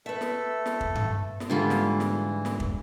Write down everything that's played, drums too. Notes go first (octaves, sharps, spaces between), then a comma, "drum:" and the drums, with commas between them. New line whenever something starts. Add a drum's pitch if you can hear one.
A3 A4 B4 E5
drum: snare
drum: snare
drum: kick
drum: tom G2
drum: snare
G#2 D3 E3 G3 F4
drum: snare
drum: snare
drum: snare
drum: kick